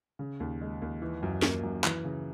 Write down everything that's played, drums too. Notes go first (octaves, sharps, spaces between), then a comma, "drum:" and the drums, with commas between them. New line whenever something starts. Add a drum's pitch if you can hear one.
C#3
D#2
G#3
D#2
E3
F#2
A#3, drum: snare
F#2
E3, drum: clap
C#3